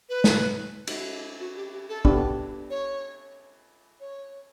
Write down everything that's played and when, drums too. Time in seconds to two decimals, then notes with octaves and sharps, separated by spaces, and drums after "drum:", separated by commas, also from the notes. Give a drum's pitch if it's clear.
0.09 B4
0.24 drum: snare
0.87 drum: cymbal
1.40 F#4
1.56 G4
1.72 G4
1.89 A4
2.05 B3 D4 G4, drum: kick
2.70 C#5
4.00 C#5